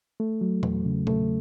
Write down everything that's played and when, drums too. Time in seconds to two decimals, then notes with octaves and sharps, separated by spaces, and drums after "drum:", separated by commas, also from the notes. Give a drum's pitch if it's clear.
0.20 A3
0.41 F#3
0.63 E2, drum: tom A#2
0.85 C#3
1.07 A3, drum: tom A#2